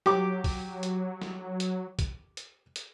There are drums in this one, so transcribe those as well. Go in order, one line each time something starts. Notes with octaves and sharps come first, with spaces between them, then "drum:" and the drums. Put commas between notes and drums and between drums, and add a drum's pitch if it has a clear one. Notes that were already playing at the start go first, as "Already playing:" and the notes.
F#3 G4 D6, drum: snare
drum: kick, open hi-hat
drum: hi-hat
drum: snare
drum: hi-hat
drum: kick, hi-hat
drum: hi-hat
drum: hi-hat